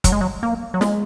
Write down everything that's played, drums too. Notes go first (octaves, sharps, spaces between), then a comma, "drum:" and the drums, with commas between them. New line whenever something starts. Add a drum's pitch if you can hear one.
F#3, drum: kick, hi-hat
G#3
F#3
A#3
F#3
G#3, drum: snare